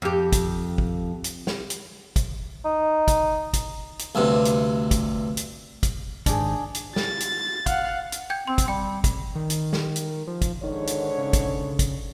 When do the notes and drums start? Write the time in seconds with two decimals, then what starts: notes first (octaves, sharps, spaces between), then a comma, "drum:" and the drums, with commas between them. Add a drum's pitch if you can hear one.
0.02 F2 G4
0.32 drum: kick, hi-hat
0.78 drum: kick
1.24 drum: hi-hat
1.47 drum: snare
1.70 drum: hi-hat
2.16 drum: kick, hi-hat
2.65 D#4
3.08 drum: kick, hi-hat
3.54 drum: kick, hi-hat
3.99 drum: hi-hat
4.15 D2 G2 C3
4.45 drum: hi-hat
4.91 drum: kick, hi-hat
5.37 drum: hi-hat
5.83 drum: kick, hi-hat
6.26 G#2 D#3 D4 G#4, drum: kick, hi-hat
6.75 drum: hi-hat
6.96 A6, drum: snare
7.20 drum: hi-hat
7.66 F5 F#5, drum: kick, hi-hat
8.12 drum: hi-hat
8.30 G5 G6 G#6
8.47 C4 C6
8.58 drum: kick, hi-hat
8.68 G3 G5
9.04 drum: kick, hi-hat
9.35 D#3
9.50 drum: hi-hat
9.73 drum: snare
9.96 drum: hi-hat
10.27 F3
10.42 drum: kick, hi-hat
10.63 G#2 D3 D#3 C#5
10.87 drum: hi-hat
11.18 C#3
11.33 drum: kick, hi-hat
11.79 drum: kick, hi-hat